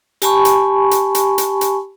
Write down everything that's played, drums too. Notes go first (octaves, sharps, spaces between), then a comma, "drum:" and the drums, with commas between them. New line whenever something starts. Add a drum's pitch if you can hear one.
G4 G#5 A5 B5 C#6, drum: hi-hat
drum: hi-hat
drum: hi-hat
drum: hi-hat
drum: hi-hat
drum: hi-hat